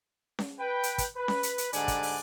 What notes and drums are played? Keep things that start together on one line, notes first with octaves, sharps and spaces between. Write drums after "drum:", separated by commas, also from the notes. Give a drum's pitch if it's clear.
drum: snare C#4
B4 G5
drum: hi-hat
drum: kick, hi-hat
B4
drum: snare C#4
drum: hi-hat
drum: hi-hat
G#2 D3 G3 D5 F#5 G#5, drum: hi-hat
drum: kick, hi-hat
drum: open hi-hat